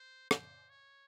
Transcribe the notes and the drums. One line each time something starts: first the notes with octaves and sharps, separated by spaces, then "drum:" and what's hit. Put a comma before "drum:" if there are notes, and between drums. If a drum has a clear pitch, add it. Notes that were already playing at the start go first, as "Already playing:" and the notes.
Already playing: C5
C5, drum: rim click
C#5